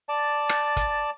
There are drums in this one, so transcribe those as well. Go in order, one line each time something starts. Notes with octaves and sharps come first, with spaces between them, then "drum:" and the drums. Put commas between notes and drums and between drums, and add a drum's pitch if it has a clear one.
D5 A5
drum: rim click
drum: kick, hi-hat